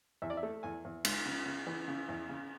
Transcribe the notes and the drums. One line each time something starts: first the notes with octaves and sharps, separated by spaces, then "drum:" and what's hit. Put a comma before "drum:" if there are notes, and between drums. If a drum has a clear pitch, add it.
E2 E5
D5
E5
A3
E2 G#5
E2
C#2, drum: cymbal
C#3
C#3
E3
C#3
E2
C#3